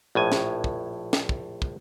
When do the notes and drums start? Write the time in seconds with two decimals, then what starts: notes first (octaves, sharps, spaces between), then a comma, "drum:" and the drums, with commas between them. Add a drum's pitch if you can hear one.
0.15 A#1 A2 G#5
0.32 drum: snare
0.64 drum: kick
1.13 drum: snare
1.29 drum: kick
1.62 drum: kick